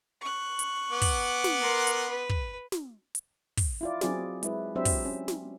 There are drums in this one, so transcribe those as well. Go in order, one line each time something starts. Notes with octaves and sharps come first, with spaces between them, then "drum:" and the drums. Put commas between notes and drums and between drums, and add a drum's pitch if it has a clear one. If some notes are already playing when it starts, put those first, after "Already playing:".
C#6 F#6
drum: hi-hat
B3 F#5 D6
drum: kick, open hi-hat
drum: snare
A#4 C6
drum: hi-hat
B4
drum: kick
drum: snare
drum: hi-hat
drum: kick, open hi-hat
E4 F4 D5
F#3 C4 G#4 D5, drum: snare
G#3 E4 B4, drum: hi-hat
F#3 C4 D4 G4 C5 E5
drum: kick, open hi-hat
C#4
drum: snare